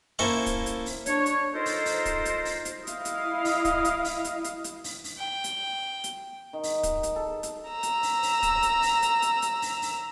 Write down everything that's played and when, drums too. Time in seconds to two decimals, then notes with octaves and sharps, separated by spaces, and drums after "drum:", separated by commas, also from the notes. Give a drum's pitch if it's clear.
0.19 A#3 C#4 E4 A4 C5 C#5
0.46 drum: kick, hi-hat
0.66 drum: hi-hat
0.86 drum: open hi-hat
1.06 D4 C#5, drum: hi-hat
1.26 drum: hi-hat
1.54 D#4 F4 A4 A#4 C5
1.66 drum: open hi-hat
1.86 drum: open hi-hat
2.05 drum: kick, hi-hat
2.25 drum: hi-hat
2.45 drum: open hi-hat
2.65 drum: hi-hat
2.87 E4 D#5 F5, drum: hi-hat
3.05 drum: hi-hat
3.45 drum: open hi-hat
3.65 drum: kick, hi-hat
3.85 drum: hi-hat
4.05 drum: open hi-hat
4.24 drum: hi-hat
4.44 drum: hi-hat
4.64 drum: hi-hat
4.84 drum: open hi-hat
5.04 drum: open hi-hat
5.18 G5
5.44 drum: hi-hat
6.04 drum: hi-hat
6.53 D#3
6.63 drum: open hi-hat
6.83 drum: kick, hi-hat
7.03 drum: hi-hat
7.16 A4
7.43 drum: hi-hat
7.71 A#5 E6
7.83 drum: hi-hat
8.03 drum: open hi-hat
8.23 drum: open hi-hat
8.43 drum: kick, hi-hat
8.63 drum: hi-hat
8.82 drum: open hi-hat
9.02 drum: hi-hat
9.22 drum: hi-hat
9.42 drum: hi-hat
9.62 drum: open hi-hat
9.82 drum: open hi-hat